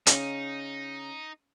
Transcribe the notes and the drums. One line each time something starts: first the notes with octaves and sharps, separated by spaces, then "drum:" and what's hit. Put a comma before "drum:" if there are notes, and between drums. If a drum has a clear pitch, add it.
C#3 D#4, drum: hi-hat